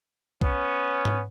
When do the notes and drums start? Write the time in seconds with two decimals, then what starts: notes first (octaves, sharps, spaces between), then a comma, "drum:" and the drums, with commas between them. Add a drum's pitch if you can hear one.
0.41 B3 C#4, drum: kick
1.05 drum: tom G#2